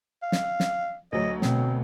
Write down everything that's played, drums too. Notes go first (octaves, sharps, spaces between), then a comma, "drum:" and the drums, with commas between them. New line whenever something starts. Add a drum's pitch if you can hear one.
F5
drum: snare
drum: snare
D2 F#3 D#5
B2 C4, drum: snare